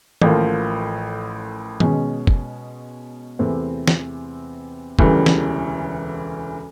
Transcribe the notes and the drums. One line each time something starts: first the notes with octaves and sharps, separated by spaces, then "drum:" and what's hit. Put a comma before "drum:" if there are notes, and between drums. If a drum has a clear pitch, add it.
A1 A2 F3 A#3, drum: tom D#3
B2 G#3 C#4, drum: tom D#3
drum: kick
E2 C3 E3 A3 C4
drum: snare
E1 D2 C#3 E3 G3, drum: kick
drum: snare